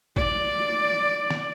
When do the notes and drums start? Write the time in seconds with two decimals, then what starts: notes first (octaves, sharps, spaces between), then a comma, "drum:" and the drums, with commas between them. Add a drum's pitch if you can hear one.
0.17 D5, drum: kick
1.30 drum: snare